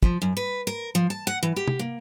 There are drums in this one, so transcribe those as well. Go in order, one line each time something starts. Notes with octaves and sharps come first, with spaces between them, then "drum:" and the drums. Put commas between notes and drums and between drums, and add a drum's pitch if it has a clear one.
F3, drum: kick
F#2
B4
A#4
F3
A5
F#5
E3
G4
drum: tom
A#3